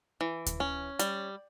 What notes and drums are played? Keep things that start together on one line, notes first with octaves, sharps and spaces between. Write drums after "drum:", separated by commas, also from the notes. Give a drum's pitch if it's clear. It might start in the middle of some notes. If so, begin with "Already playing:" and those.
E3
drum: kick D2, hi-hat
C#4
G3, drum: hi-hat